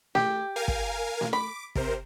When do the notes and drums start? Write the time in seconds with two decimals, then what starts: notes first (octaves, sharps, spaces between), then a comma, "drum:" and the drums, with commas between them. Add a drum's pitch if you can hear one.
0.15 G4, drum: snare A3
0.56 A#4 F5 G#5
0.68 drum: kick
1.21 drum: snare A3
1.33 B5 D6
1.75 C3 A#4 C5, drum: kick